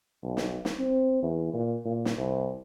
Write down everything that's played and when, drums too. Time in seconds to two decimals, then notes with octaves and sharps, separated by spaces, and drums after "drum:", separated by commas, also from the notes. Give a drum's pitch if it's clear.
0.23 B1
0.37 drum: snare
0.65 drum: snare
0.79 C4
1.22 E2
1.54 A#2
1.85 A#2
2.05 drum: snare
2.17 C2